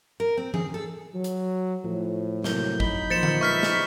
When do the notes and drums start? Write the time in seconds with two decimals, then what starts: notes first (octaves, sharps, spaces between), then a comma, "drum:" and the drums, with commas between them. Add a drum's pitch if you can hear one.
0.20 A#4
0.37 C4
0.54 G#4, drum: tom E3
0.74 A4
1.14 F#3
1.24 drum: hi-hat
1.84 A2 F3
2.44 C3 F#3 A#3 G6, drum: snare
2.80 D#4 B5 G6, drum: kick G#1
3.10 A#2 F3 C5 A6 C#7 E7
3.23 drum: tom D3
3.41 G#3 B4 E5 C#6 F6 B6
3.63 drum: snare